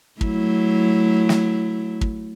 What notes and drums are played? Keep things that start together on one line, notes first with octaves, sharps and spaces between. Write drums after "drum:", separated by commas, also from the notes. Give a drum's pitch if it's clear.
F#3 A3 E4, drum: kick
drum: snare
drum: kick